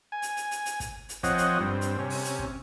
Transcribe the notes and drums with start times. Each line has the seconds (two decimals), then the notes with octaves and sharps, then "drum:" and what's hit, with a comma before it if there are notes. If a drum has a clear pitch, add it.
0.12 G#5
0.22 drum: hi-hat
0.37 drum: hi-hat
0.51 drum: hi-hat
0.66 drum: hi-hat
0.80 drum: kick, hi-hat
1.09 drum: hi-hat
1.23 F3 C4 C#5 D#5 F#5, drum: kick, hi-hat
1.38 drum: hi-hat
1.60 G2 C4
1.81 drum: hi-hat
1.99 C3 C#4
2.10 drum: open hi-hat
2.24 drum: hi-hat
2.39 drum: kick